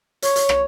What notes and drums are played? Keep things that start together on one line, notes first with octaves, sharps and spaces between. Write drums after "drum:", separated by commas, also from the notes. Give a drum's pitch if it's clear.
C#5, drum: hi-hat
drum: hi-hat
drum: rim click